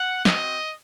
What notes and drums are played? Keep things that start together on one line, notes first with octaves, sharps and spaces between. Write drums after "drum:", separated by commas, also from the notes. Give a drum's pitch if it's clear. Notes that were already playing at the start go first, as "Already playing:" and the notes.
Already playing: F#5
C4 F#4 D#5, drum: snare